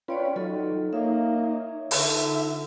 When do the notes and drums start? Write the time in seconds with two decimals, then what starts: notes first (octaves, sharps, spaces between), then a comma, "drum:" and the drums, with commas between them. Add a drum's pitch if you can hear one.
0.08 C#4 F4 B4 C#5 D5 G5 C6
0.36 F#3 D#4 F4 A4 D#5
0.93 A#3 D#4 C#5 E5 D6
1.91 D3 D#4 F4 E5, drum: open hi-hat